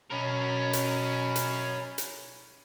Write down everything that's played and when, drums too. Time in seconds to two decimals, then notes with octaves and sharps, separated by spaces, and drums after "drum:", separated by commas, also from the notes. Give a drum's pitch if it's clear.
0.11 B2 F#3 C#4 A#4 B5
0.73 drum: hi-hat
1.36 drum: hi-hat
1.98 drum: hi-hat